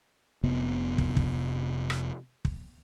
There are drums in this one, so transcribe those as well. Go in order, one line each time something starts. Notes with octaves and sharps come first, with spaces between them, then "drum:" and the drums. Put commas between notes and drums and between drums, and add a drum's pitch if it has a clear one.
F1 C3 B3
drum: kick
drum: kick
drum: rim click
drum: kick